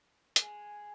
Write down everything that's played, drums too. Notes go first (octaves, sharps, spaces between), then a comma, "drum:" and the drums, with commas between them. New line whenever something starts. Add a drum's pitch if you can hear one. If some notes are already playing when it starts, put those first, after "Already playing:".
G#3, drum: hi-hat